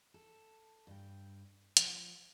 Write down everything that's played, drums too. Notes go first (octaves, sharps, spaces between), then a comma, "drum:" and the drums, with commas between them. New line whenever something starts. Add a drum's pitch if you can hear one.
A4
G2 G5
F3, drum: hi-hat